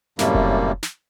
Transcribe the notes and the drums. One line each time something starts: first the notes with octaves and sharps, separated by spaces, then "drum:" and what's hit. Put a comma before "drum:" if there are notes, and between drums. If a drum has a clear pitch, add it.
F#2 A2 C3 G3 A#3, drum: snare
drum: kick F1
drum: snare